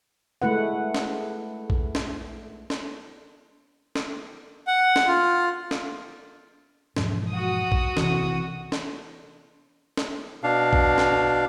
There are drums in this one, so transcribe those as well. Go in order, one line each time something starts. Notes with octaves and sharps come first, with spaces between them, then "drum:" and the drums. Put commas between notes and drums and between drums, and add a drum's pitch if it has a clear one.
G#3 A3 E4 B4 F#5
drum: snare
drum: kick A#1
drum: snare
drum: snare
drum: snare
F#5
drum: snare
F4
drum: snare
E1 G#2 F3, drum: snare
F#4 D#6
drum: kick A#1
C3 E3, drum: snare
drum: snare
drum: snare
B2 D4 F5
drum: kick A#1
drum: snare